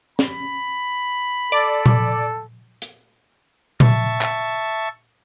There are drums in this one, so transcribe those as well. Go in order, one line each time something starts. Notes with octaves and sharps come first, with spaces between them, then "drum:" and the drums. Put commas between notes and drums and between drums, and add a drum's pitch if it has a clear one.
B5, drum: snare
A4 D5
drum: tom A#2
drum: hi-hat
E5 A5 C#6, drum: tom A#2
drum: clap